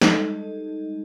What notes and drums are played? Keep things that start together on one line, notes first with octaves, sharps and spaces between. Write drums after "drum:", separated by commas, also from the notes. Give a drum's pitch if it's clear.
G3 G#3 D#4 A4 D#5, drum: snare